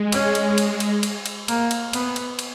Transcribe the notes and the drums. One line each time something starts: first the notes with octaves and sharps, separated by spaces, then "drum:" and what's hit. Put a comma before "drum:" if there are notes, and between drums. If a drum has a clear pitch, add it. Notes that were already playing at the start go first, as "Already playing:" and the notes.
Already playing: G#3
C#4, drum: cymbal
drum: cymbal
drum: cymbal
drum: cymbal
drum: cymbal
drum: cymbal
A#3, drum: cymbal
drum: cymbal
B3, drum: cymbal
drum: cymbal
drum: cymbal